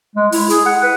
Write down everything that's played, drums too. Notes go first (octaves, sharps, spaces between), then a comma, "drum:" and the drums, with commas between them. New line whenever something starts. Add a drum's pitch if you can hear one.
G#3
E4, drum: open hi-hat
G#4, drum: hi-hat
F#5
B4